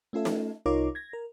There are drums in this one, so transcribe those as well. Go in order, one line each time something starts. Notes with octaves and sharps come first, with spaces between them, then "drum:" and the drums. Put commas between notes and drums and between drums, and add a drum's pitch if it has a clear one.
A3 C#4 F4 A4 E5
drum: snare
C2 D#4 F4 A#4 C#5 D6
G#6 A#6
A#4